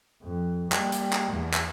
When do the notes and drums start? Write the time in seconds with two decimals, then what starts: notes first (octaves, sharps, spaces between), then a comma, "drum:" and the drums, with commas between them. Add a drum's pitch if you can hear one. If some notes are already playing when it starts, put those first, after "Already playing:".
0.23 F2
0.72 G3 A#3, drum: clap
0.92 drum: hi-hat
1.13 drum: clap
1.33 E2
1.54 drum: clap